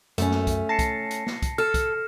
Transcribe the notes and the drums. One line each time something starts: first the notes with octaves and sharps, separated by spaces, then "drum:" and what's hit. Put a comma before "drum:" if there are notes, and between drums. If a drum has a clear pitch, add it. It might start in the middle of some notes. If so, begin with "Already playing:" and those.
F#2 A3 C#4, drum: hi-hat
drum: snare
drum: kick, hi-hat
A5 A#6 C7 C#7
drum: kick, hi-hat
drum: hi-hat
drum: snare
drum: kick, hi-hat
A4 F6 E7
drum: kick, hi-hat